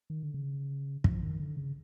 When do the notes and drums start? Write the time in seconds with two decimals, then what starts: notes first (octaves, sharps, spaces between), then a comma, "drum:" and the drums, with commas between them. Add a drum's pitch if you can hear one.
0.10 D#3
0.23 D3
0.34 C#3
1.04 F3, drum: kick
1.23 D#3
1.40 D3
1.57 C#3